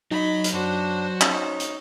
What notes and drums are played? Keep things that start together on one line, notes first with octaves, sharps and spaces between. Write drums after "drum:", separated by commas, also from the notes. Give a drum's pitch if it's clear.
F#3 D#4 D#5 B5
drum: hi-hat
F#2 D4 F#4 C5
C#4 D#4 C#5, drum: clap
drum: hi-hat